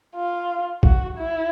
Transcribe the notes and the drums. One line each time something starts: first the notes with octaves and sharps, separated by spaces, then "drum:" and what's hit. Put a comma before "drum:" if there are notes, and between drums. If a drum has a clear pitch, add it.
F4
F#4, drum: kick A#1
E4